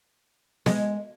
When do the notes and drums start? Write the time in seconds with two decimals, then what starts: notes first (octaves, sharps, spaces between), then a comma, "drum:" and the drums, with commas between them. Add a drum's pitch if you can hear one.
0.66 G#3, drum: snare B3